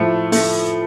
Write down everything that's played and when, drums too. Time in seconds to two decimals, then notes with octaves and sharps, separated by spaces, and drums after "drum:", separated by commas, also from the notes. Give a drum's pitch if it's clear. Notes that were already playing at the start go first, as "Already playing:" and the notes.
Already playing: A2 F3 A3
0.32 A3, drum: open hi-hat